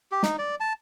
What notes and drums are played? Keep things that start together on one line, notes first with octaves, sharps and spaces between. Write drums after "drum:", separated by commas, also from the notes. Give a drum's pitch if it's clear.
G4
D#4, drum: snare
D5
A5